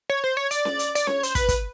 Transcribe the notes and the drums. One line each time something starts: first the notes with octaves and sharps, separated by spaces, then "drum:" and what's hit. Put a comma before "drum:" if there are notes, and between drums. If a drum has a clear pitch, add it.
C#5
C5
C#5
D5, drum: hi-hat
drum: snare C#4
drum: hi-hat
D5, drum: hi-hat
C#5, drum: snare C#4
C5, drum: hi-hat
B4, drum: kick, hi-hat
drum: kick, hi-hat